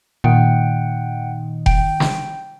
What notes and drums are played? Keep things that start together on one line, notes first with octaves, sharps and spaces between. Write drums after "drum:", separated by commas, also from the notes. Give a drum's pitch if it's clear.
A#2 D#3 F#5 G5
G5, drum: kick F1
drum: snare